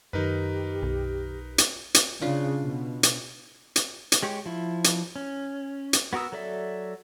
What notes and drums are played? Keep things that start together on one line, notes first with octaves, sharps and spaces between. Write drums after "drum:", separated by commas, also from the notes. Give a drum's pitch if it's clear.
F#2 D#3 D#4 G4 A#4 B4
B1
drum: hi-hat
drum: hi-hat
C#3 D4 F4
B2
drum: hi-hat
drum: hi-hat
drum: hi-hat
G#3 G4 C#5
F3 E4
drum: hi-hat
C#4
drum: hi-hat
B3 F#4 A#4 D#6 E6
F#3 A4 D5 E5